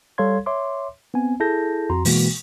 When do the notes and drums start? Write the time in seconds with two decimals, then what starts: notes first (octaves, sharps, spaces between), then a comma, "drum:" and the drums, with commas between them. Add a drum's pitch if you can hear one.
0.18 G3 A4 C#5 F5 C6 G#6
0.46 C#5 E5 C6 D6
1.14 B3 C4 G#5
1.40 E4 G#4 A4 A5 G6 A#6
1.90 F2 F#4 A#5 C6
2.05 B2 E3 G#3 A#3 F#4, drum: open hi-hat